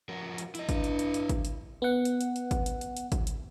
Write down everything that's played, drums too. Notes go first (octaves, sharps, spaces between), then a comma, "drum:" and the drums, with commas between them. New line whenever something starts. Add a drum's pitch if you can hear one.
F3 F#4 A#4
drum: hi-hat
E4 D#5, drum: hi-hat
G2, drum: kick G#1, hi-hat
drum: hi-hat
drum: hi-hat
drum: hi-hat
drum: kick G#1, hi-hat
drum: hi-hat
B3 F#5
drum: hi-hat
drum: hi-hat
drum: hi-hat
drum: kick G#1, hi-hat
drum: hi-hat
drum: hi-hat
drum: hi-hat
drum: kick G#1, hi-hat
drum: hi-hat